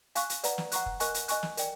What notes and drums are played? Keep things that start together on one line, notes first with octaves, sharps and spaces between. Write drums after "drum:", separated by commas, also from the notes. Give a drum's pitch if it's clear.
F5 G#5 C#6 F#6, drum: hi-hat
drum: hi-hat
B4 D5 F#5 A#5, drum: hi-hat
drum: snare
F#5 A#5 C#6 F#6, drum: hi-hat
drum: kick
A#4 D#5 G#5 C#6 F#6, drum: hi-hat
drum: hi-hat
D#5 G#5 C#6 F#6, drum: hi-hat
drum: snare
A#4 D5 G5, drum: hi-hat